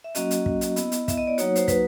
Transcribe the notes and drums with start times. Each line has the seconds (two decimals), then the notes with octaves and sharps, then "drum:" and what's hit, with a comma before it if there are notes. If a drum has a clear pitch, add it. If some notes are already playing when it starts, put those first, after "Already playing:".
0.04 E5
0.15 F#3 A#3 C#4 F#4 D#5, drum: hi-hat
0.31 drum: hi-hat
0.46 drum: kick
0.61 drum: hi-hat
0.76 B3 E4, drum: hi-hat
0.92 drum: hi-hat
1.08 E5, drum: kick, hi-hat
1.17 D#5
1.27 D5
1.38 F#3 A#3 D#4 F#4 C#5, drum: hi-hat
1.56 C5, drum: hi-hat
1.68 B4, drum: kick, hi-hat